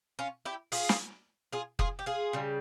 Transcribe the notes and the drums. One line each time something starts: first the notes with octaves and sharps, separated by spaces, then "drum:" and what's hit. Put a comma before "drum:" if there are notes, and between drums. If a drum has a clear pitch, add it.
C#4 F4
E4 G4
F4 G#4, drum: open hi-hat
drum: snare
F4 G#4
F4 G#4, drum: kick F1
G4
F4 G#4
C#3 G3